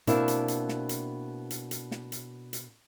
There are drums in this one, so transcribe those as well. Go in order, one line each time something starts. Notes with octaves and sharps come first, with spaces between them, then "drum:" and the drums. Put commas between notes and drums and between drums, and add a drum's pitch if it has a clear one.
B2 A#3 C4 D4 E4, drum: hi-hat
drum: hi-hat
drum: hi-hat
drum: snare
drum: hi-hat
drum: hi-hat
drum: hi-hat
drum: snare
drum: hi-hat
drum: hi-hat